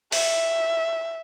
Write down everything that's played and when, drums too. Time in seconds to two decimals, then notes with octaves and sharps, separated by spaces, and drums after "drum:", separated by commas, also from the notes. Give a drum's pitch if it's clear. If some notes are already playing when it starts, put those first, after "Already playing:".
0.12 E5, drum: open hi-hat